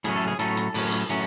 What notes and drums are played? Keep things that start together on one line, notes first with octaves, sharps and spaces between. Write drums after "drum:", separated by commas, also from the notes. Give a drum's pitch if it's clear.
A2 F#3 C#4 G#4, drum: hi-hat
A4
G#4
A2 F#3 C#4 A4, drum: hi-hat
drum: hi-hat
A2 F#3 C#4, drum: open hi-hat
drum: hi-hat
A2 F#3 C#4, drum: hi-hat